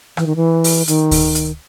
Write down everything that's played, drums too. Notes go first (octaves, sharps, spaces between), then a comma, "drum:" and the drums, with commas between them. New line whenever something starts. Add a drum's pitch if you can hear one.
E3, drum: rim click
D#3
E3
drum: open hi-hat
D#3, drum: hi-hat
drum: kick D2, open hi-hat
drum: hi-hat